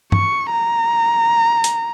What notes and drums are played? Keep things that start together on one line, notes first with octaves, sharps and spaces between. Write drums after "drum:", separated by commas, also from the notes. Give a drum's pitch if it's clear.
C#6, drum: tom G2
A#5
drum: hi-hat